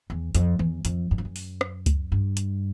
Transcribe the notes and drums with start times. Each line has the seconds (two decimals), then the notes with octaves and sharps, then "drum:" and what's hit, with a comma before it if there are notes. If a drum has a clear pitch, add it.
0.10 E2
0.35 F2, drum: hi-hat
0.59 E2, drum: tom D#3
0.85 F2, drum: hi-hat
1.11 F#2
1.18 F2
1.25 F#2
1.36 drum: open hi-hat
1.61 drum: rim click
1.86 drum: kick C#2, hi-hat
2.12 G2
2.37 drum: hi-hat